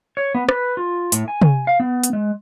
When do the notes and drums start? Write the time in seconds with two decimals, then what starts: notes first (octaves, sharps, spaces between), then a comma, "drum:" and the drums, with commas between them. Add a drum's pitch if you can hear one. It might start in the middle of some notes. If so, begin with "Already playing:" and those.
0.17 C#5
0.35 B3
0.49 B4, drum: rim click
0.77 F4
1.12 A2, drum: hi-hat
1.28 G#5
1.42 drum: tom
1.67 F5
1.80 B3
2.04 drum: hi-hat
2.13 G#3